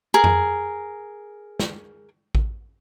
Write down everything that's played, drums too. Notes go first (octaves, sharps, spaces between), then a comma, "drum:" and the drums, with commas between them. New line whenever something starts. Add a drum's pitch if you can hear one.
G#4 A#4
drum: tom F2
drum: snare
drum: kick A1